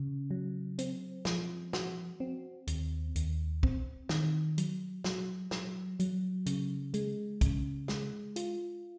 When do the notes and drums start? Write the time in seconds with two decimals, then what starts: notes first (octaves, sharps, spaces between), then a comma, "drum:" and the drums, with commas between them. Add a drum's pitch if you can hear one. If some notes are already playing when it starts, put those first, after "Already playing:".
Already playing: C#3
0.31 F#3
0.79 C4, drum: hi-hat
1.25 F3, drum: snare
1.73 F#4, drum: snare
2.20 C4
2.67 D#2, drum: hi-hat
3.16 D#2, drum: hi-hat
3.63 C4, drum: kick B1
4.09 D#3, drum: snare
4.58 F#3, drum: hi-hat
5.04 F#3, drum: snare
5.51 F#3, drum: snare
6.00 F#3, drum: hi-hat
6.46 C#3, drum: hi-hat
6.94 G#3, drum: hi-hat
7.41 C#3, drum: kick B1, hi-hat
7.88 G#3, drum: snare
8.36 F4, drum: hi-hat